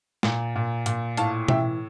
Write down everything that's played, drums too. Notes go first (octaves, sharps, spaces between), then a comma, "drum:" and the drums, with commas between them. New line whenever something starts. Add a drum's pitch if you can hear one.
A#2, drum: snare
A#2
A#2, drum: hi-hat
A2 F5 A5, drum: hi-hat
E3 E5 G5, drum: tom B2